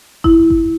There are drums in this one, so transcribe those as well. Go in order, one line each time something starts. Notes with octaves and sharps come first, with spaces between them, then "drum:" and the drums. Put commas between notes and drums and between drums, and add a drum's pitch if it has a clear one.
E4, drum: kick G1
drum: kick G1